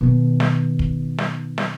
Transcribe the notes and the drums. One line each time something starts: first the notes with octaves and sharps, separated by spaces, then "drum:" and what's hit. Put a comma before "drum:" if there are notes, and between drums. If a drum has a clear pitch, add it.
B2 D#3
drum: snare
drum: kick
drum: snare
drum: snare